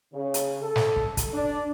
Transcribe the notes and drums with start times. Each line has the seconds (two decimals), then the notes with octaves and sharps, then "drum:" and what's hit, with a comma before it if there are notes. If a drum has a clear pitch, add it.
0.13 C#3
0.34 drum: hi-hat
0.63 A4
0.76 drum: snare
0.96 drum: kick
1.17 drum: kick, hi-hat
1.34 D4